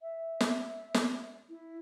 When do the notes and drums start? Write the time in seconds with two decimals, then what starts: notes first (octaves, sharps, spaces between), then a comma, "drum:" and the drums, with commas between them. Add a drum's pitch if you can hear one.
0.01 E5
0.41 drum: snare
0.94 drum: snare
1.49 E4